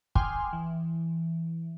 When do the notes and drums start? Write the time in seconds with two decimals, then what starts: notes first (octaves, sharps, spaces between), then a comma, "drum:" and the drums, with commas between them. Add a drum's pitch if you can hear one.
0.15 G5 G#5 C6 D6 D#6 F6, drum: kick
0.53 E3